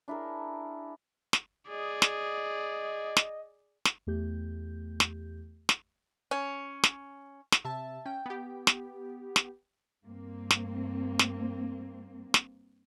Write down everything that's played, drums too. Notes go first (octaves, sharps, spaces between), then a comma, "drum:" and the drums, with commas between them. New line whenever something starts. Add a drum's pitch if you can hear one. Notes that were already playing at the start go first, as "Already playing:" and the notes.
D4 E4 G#4 A#4
drum: snare
G#4 D5 D#5
drum: snare
drum: snare
drum: snare
E2 A3 G4 G6
drum: snare
drum: snare
C#4
drum: snare
drum: snare
C3 E5 A5
C#4 G5
B3 G4
drum: snare
drum: snare
G2 A#3 C4
drum: snare
drum: snare
drum: snare